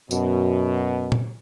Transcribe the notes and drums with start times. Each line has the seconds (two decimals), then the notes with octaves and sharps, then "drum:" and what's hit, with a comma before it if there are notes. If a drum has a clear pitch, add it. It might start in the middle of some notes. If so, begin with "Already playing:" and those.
0.11 F#2 B2, drum: tambourine
1.12 drum: tom A#2